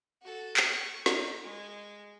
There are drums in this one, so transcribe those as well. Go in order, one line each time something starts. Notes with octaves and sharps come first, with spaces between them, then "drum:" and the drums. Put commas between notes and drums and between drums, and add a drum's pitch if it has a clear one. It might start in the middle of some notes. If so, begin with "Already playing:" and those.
F#4 A4
C#6, drum: clap
D#4, drum: snare
G#3